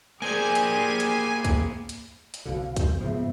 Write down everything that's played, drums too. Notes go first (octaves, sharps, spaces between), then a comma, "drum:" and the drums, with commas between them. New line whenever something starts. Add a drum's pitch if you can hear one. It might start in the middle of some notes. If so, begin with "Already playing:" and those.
A#3 G4 G#4 C5 D5 G#5
drum: hi-hat
drum: hi-hat
drum: kick, hi-hat
drum: hi-hat
drum: hi-hat
C2 B2 D3 F5
G6, drum: kick, hi-hat
G#2 C#3 F3 B3 E5